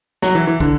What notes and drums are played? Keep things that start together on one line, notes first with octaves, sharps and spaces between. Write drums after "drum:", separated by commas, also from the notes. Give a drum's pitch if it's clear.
F#3, drum: snare
E3
E3
D3, drum: kick